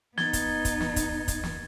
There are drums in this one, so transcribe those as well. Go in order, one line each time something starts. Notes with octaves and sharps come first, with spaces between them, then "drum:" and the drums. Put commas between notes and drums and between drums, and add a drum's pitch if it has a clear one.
B3 D#4 G#6 A6 G7, drum: snare
drum: kick, hi-hat
drum: kick, hi-hat
drum: snare
drum: kick, hi-hat
drum: kick, hi-hat
drum: snare